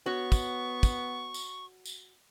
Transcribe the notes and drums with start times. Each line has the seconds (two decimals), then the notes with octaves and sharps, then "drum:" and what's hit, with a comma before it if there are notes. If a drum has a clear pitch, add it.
0.06 B3 F#4 C#5 C#6
0.32 drum: kick, tambourine
0.83 drum: kick, tambourine
1.34 drum: tambourine
1.86 drum: tambourine